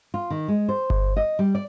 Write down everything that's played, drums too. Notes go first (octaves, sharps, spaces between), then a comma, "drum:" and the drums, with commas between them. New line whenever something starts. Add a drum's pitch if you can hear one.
F4
D#3
G#3
C5
drum: kick G1
D#5
G3
D5